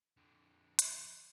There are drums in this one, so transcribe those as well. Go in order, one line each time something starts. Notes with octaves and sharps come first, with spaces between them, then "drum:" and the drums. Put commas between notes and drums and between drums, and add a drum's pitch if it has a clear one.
F2 D3
drum: hi-hat